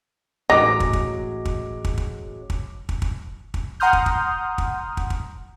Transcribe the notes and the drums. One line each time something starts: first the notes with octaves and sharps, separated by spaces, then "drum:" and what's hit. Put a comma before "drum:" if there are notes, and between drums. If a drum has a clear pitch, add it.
A1 F#3 G#3 D#4 D6 A#6
drum: kick
drum: kick
drum: kick
drum: kick
drum: kick
drum: kick
drum: kick
drum: kick
drum: kick
F#5 A#5 C6 D#6 F6 G6
drum: kick
drum: kick
drum: kick
drum: kick
drum: kick